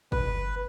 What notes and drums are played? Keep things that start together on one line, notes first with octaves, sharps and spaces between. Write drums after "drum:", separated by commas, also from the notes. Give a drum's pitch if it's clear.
B4, drum: kick